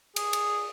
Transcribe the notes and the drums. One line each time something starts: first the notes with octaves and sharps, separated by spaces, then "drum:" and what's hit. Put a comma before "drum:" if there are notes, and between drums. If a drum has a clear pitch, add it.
G#4, drum: cymbal
drum: cymbal